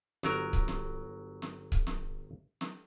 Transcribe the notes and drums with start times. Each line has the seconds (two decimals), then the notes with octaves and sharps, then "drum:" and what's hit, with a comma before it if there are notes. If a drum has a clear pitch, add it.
0.23 G1 F#3 A#4, drum: snare
0.53 drum: kick C#1
0.68 drum: snare
1.42 drum: snare
1.72 drum: kick C#1
1.87 drum: snare
2.61 drum: snare